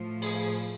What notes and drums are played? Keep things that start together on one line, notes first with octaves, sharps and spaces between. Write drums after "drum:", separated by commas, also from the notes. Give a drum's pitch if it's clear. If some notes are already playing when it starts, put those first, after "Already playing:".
Already playing: A2 F3 A3
G#4, drum: open hi-hat